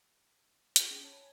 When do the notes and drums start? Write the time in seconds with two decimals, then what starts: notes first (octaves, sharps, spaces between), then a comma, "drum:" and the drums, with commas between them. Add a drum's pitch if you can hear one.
0.76 F4 G#4, drum: hi-hat
0.91 C#4 G5
1.03 C#5 A5 B5
1.17 G#5